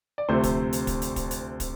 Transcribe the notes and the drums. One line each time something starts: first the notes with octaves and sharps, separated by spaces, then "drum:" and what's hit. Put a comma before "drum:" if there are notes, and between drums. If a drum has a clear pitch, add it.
D5
D2 C3 F3 A3 C5
drum: kick, hi-hat
drum: hi-hat
drum: kick, hi-hat
drum: hi-hat
drum: kick, hi-hat
drum: hi-hat
drum: kick, hi-hat